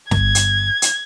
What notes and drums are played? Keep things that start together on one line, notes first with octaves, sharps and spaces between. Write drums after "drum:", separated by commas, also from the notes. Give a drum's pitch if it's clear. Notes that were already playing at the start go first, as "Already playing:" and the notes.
G1 G#6, drum: snare
drum: hi-hat
drum: hi-hat